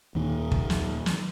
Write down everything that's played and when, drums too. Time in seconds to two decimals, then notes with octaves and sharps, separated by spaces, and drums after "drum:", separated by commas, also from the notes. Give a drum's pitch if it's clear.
0.15 D#2 A#2 D#3
0.52 drum: kick
0.70 drum: snare
1.06 drum: snare